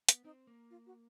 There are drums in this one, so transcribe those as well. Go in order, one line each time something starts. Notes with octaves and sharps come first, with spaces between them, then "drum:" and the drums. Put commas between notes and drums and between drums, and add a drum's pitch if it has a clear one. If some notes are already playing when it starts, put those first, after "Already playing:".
B3, drum: hi-hat
C4 D#4
A#3
F4
F#4